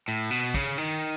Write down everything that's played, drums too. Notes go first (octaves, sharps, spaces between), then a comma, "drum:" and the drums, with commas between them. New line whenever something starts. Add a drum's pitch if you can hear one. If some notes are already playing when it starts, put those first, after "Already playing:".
A2
B2
C#3, drum: kick
D#3